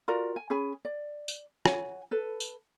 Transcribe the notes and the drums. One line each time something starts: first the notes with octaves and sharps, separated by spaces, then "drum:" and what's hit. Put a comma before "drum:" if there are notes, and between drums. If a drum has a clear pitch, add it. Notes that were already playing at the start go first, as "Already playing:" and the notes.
F4 F#4 A#4 D5
G#5
C#4 G#4 G#5 B5
D5
drum: tambourine
C#5 F#5 G#5, drum: rim click
A4 B4
drum: tambourine